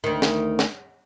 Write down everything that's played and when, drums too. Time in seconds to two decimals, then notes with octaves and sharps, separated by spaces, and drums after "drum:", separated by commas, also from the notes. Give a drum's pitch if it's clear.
0.04 D2 D#3
0.22 drum: snare
0.59 drum: snare